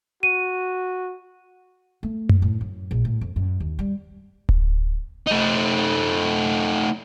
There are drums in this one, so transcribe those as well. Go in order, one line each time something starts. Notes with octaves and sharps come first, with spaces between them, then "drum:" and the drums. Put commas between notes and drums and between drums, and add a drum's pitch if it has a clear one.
F#4 D#7
A3
drum: tom F#2
A2
F#2
A#1
A2
F2
F#2
D#2
G3
drum: kick D1
A3 D#4